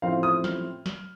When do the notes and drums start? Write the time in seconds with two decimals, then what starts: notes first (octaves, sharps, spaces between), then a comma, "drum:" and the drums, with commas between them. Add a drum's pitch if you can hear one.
0.02 A1 A2 F3 C4 F5
0.23 D#6
0.44 F6, drum: snare
0.86 drum: snare